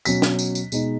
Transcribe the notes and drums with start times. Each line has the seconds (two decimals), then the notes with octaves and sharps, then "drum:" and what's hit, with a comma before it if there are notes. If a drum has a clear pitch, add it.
0.05 B2 F#3 C#4 B6, drum: tambourine
0.22 drum: snare
0.39 drum: tambourine
0.55 drum: tambourine
0.72 B2 G#3 D#4, drum: tambourine